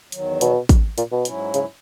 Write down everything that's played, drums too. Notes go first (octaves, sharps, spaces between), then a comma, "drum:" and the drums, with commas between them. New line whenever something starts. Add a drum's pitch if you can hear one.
E2 D#3 F#3, drum: hi-hat
B2, drum: hi-hat
drum: kick, hi-hat
A#2, drum: hi-hat
B2
G#2 F#3 C#4 E4, drum: hi-hat
C#3, drum: hi-hat